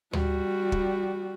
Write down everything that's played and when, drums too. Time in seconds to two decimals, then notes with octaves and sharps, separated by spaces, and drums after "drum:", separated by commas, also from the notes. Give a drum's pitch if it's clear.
0.13 G3 F#4, drum: tom D2
0.72 drum: kick